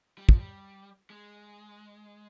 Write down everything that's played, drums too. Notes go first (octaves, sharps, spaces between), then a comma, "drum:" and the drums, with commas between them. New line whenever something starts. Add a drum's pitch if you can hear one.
G3
F3, drum: kick
G3
G#3